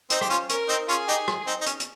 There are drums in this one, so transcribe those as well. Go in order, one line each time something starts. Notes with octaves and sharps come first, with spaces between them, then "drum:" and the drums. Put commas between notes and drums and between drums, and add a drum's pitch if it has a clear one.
C4 D#4 C5, drum: hi-hat
G4, drum: rim click
C#4 F4
C#4 A#4, drum: hi-hat
C4 D#4
C#4 F4 G#4
D#4 G4
drum: rim click
C4 D#4
D#4
C#4, drum: hi-hat
drum: hi-hat